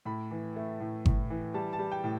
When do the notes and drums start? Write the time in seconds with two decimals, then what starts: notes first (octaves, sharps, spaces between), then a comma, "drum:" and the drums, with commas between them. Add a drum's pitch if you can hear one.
0.05 A2 B5
0.31 E3
0.56 A3
0.80 A2
1.06 A2, drum: kick G1
1.30 E3
1.54 G3 A5
1.73 A5
1.79 G3
1.92 G5
2.04 A2